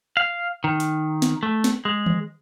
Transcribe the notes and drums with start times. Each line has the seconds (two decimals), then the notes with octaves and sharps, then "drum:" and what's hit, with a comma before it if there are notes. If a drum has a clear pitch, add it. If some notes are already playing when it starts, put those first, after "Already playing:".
0.17 F5
0.64 D#3
0.80 drum: hi-hat
1.22 drum: snare
1.43 A3
1.64 drum: snare
1.85 G#3
2.06 drum: tom D#3